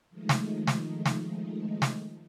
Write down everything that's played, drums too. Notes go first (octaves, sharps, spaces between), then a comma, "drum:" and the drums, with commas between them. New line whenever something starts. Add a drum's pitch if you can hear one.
D#3 F3 G#3 A3 D#4
drum: snare
drum: snare
drum: snare
drum: snare